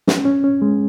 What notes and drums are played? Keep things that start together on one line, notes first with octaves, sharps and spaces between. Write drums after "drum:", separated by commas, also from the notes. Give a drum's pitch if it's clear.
C#4, drum: snare
C#4
C#4
G#3